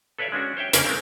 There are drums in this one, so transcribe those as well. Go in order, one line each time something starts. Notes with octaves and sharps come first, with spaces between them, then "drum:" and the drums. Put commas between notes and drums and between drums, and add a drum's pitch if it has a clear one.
A4 B4 C#5 D5 E5 F5
G#3 C#4 D4 F#4
C5 C#5 E5 G5
F2 C#3 A#3 C#4 A#4 G5, drum: hi-hat
G#3 A3 C4 A#4